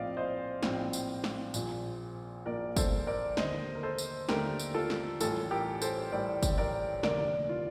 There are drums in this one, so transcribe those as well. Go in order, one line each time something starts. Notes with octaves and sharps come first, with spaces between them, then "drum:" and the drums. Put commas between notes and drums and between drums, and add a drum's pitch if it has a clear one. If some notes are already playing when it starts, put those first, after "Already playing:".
Already playing: A#1 A2 F3 C4 D5 D#5 F5
C5 D#5
A#1 A2 F3 C4, drum: snare
drum: tambourine
drum: snare
A#1 A#2 F3, drum: tambourine
A#1 A#2 F3 A#4 D5
A4 C5, drum: kick, tambourine
A#4 D5
D#2 D3 A3 C5 D#5, drum: snare
A#4
A4 C5
drum: tambourine
D#2 D3 A3 G4 A#4, drum: snare
drum: tambourine
F4 A4
drum: snare
A1 A2 G3 F4 A4, drum: tambourine
G4 A#4
A4 C5, drum: tambourine
A1 A2 G3 A#4 D5
drum: kick, tambourine
A#4 D5
F1 D#2 D3 A#4 D5, drum: snare
F4